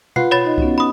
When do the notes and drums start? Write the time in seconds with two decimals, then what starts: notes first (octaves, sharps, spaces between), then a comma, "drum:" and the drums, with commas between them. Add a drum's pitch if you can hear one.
0.16 F4 B4 F#5 C7, drum: tom B2
0.31 C#5 B5 A6
0.45 D#4 D#5
0.58 B3 C#4 F#4, drum: kick C2
0.78 B5 D#6